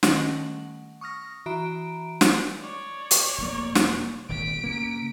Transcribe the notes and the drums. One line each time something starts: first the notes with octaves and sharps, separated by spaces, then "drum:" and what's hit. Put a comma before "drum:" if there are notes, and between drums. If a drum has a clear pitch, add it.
D#3 G3 C#4 F#5 A#6 F#7, drum: snare
A3 F#5
C#6 D#6 F6 A#6
E3 F#4 E5 A#5 B5 D7
drum: snare
C#5 D5
drum: hi-hat
F1 B2 A#3
drum: snare
D#1 G#1 B6 D7
G2 C#3 A#3